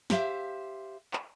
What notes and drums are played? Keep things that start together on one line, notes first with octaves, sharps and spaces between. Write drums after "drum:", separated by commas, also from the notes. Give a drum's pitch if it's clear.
G4 C5 E5 F5, drum: snare
drum: clap